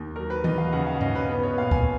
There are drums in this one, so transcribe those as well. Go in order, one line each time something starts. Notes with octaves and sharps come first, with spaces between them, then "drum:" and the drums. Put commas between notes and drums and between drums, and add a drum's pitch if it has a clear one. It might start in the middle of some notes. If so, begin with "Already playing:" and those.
Already playing: D#2
F#3 A#4
B4
D#2 D#5, drum: tom D#3
F5
C#3 F#5
F5
C#4 D#5, drum: tom G2
B4
B3 B4
C#5
A#2 F5
G#5, drum: kick